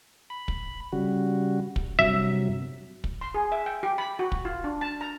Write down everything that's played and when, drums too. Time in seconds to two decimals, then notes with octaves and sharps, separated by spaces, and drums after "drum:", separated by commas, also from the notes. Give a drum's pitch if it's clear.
0.30 B5
0.48 drum: kick
0.92 C#3 G3 F#4
1.76 drum: kick
1.99 G2 C3 F#3 E5
3.04 drum: kick
3.21 C6
3.34 G#4
3.52 E5
3.66 G5
3.83 G4
3.98 B5
4.19 F#4
4.32 drum: kick
4.45 F4
4.64 D4
4.81 A5
5.01 A#5